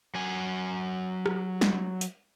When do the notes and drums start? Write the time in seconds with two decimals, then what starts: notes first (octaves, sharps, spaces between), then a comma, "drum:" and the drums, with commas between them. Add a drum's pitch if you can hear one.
0.15 F#3 G#5
1.26 drum: rim click
1.61 drum: snare
2.01 drum: hi-hat